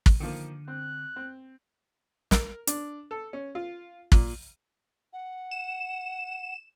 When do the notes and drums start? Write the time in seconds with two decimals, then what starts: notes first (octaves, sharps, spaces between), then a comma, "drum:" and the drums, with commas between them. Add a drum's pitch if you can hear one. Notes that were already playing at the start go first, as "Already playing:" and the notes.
0.06 drum: kick
0.20 D3 D#3 F3 A#3
0.68 C4 F#6
1.16 C4
2.31 A#4, drum: snare
2.67 D4, drum: hi-hat
3.11 A4
3.33 C#4
3.55 F4
4.12 A#2, drum: kick
5.13 F#5
5.51 E7